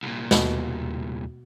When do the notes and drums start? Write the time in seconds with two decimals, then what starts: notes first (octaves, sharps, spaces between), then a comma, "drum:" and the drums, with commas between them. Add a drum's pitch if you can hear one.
0.03 C2 A#2
0.31 D#2 B2, drum: snare